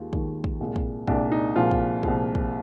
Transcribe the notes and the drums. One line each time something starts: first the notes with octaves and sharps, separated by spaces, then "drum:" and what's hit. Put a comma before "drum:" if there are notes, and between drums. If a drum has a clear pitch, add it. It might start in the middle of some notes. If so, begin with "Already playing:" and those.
Already playing: D#2 D#3 G#3 F4
D#2 D#3 G#3, drum: kick
drum: kick
C2 A#2 G#3
drum: kick
C2 A#2 G#3 D4, drum: kick
D#4
C2 A#2 F3 G#3 F4
drum: kick
C2 A#2 F3 G#3, drum: kick
drum: kick